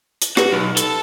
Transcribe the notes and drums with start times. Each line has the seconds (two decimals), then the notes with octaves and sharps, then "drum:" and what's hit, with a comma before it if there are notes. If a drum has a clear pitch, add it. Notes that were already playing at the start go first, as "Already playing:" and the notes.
0.22 drum: hi-hat
0.37 F#4 G4 B4, drum: rim click
0.52 B1 D#4
0.77 A4, drum: hi-hat